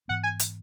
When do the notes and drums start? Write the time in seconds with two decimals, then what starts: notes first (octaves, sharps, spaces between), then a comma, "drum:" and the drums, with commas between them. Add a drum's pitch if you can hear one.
0.08 G#2 E3 B3 F#5
0.23 G#5
0.39 drum: hi-hat